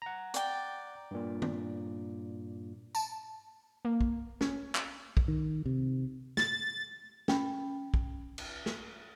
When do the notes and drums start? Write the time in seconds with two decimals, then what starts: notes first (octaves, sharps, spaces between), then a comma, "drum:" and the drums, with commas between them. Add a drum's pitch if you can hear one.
0.02 F#5 A#5
0.34 D5 G5, drum: hi-hat
1.11 G2 A#2
1.42 drum: tom D#3
2.95 A5, drum: tambourine
3.85 A#3
4.01 drum: kick
4.41 C#4, drum: snare
4.75 drum: clap
5.17 drum: kick
5.28 D#3
5.66 C3
6.37 A6, drum: snare
7.28 C#4 G5 B5, drum: snare
7.94 drum: kick
8.38 drum: cymbal
8.66 drum: snare